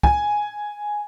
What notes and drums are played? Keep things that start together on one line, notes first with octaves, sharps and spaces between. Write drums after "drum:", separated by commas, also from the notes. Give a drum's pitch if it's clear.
G#5, drum: kick